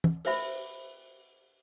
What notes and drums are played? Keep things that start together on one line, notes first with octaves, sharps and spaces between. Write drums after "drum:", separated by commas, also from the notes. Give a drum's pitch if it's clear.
drum: tom
B4 C5 E5 B5, drum: open hi-hat